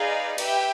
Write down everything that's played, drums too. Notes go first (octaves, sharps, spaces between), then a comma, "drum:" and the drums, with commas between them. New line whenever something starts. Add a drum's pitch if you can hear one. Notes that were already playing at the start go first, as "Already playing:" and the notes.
Already playing: D#4 G#4 B4 D5 F5
G4 B4 E5 G5, drum: cymbal